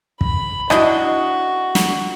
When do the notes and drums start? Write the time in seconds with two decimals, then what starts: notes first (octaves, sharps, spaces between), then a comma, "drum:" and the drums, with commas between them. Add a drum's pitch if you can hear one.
0.21 B5, drum: kick
0.70 D4 E4 F#4 D#5, drum: rim click
1.75 drum: snare